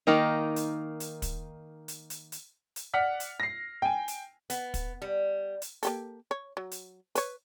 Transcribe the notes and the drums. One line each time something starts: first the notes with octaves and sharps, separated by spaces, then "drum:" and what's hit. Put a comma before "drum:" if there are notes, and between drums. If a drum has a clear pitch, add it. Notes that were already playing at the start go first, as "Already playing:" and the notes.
D#3 A#3 D#4
drum: hi-hat
drum: hi-hat
drum: kick, hi-hat
drum: hi-hat
drum: hi-hat
drum: hi-hat
drum: hi-hat
D5 F#5 F6 B6
drum: hi-hat
A#6 C7
G5 G#5
drum: hi-hat
B3, drum: hi-hat
drum: kick, hi-hat
G3
drum: hi-hat
A#3 G4 A4, drum: hi-hat
C#5
F#3
drum: hi-hat
B4 C#5, drum: hi-hat